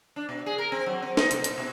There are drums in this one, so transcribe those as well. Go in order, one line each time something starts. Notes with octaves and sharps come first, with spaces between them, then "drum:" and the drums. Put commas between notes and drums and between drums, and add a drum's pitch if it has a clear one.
D4
B2
G#4
A#4
C4
F#3
C4
D#4, drum: snare
C3, drum: hi-hat
A#2, drum: hi-hat
B2